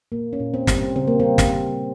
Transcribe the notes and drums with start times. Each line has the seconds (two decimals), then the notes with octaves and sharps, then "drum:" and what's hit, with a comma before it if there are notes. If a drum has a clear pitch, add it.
0.12 A#2 A#3
0.33 C#4
0.40 A#2
0.54 C4
0.67 G3, drum: snare
0.74 C4
0.96 C#3 C4
1.07 A#3
1.20 G3 C4
1.38 drum: snare
1.51 A#3
1.79 C#3